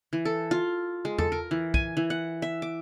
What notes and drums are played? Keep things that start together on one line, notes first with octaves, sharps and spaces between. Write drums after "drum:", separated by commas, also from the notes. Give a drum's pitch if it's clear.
E3
A4
F4
G#3
A4, drum: tom E2
A#4
E3
G#5, drum: kick
E3
F#5
E5
D6